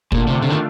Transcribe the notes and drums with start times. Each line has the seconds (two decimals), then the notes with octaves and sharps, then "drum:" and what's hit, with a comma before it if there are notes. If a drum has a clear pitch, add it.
0.12 A#2 D3 A3 D4 F4, drum: kick
0.27 C3
0.42 C3
0.51 D#3